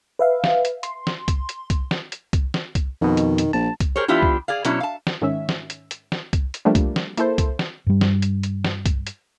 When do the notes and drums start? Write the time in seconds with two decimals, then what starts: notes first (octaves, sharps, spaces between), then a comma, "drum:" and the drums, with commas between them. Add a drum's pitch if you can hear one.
0.19 B4 E5 F5
0.44 drum: snare
0.65 drum: hi-hat
0.83 C6, drum: hi-hat
1.07 drum: snare
1.28 drum: kick C2, hi-hat
1.49 drum: hi-hat
1.70 drum: kick C2, hi-hat
1.91 drum: snare
2.12 drum: hi-hat
2.33 drum: kick C2, hi-hat
2.54 drum: snare
2.75 drum: kick C2, hi-hat
3.01 F2 B2 D#3
3.17 drum: hi-hat
3.38 drum: hi-hat
3.53 A#1 A5
3.80 drum: kick C2, hi-hat
3.96 G4 G#4 A#4 C5 C#5
4.08 E3 B3 D4 E4 F4 G4
4.23 drum: kick C2
4.48 G#4 D5 F5
4.65 B2 F#3 C#4 D4 E4, drum: hi-hat
4.80 F5 A5
5.07 drum: snare
5.22 G#2 D#3 C#4 E5
5.49 drum: snare
5.70 drum: hi-hat
5.91 drum: hi-hat
6.12 drum: snare
6.33 drum: kick C2, hi-hat
6.54 drum: hi-hat
6.65 F3 G3 A3 A#3 D4
6.75 drum: kick C2, hi-hat
6.96 drum: snare
7.17 A#3 E4 A4 C5, drum: hi-hat
7.38 drum: kick C2, hi-hat
7.59 drum: snare
7.87 G2 G3
8.01 drum: snare
8.22 drum: hi-hat
8.43 drum: hi-hat
8.64 drum: snare
8.86 drum: kick C2, hi-hat
9.07 drum: hi-hat